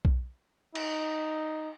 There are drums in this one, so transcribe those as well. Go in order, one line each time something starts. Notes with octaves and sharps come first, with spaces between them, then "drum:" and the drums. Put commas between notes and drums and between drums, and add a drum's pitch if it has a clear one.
drum: kick B1
D#4, drum: cymbal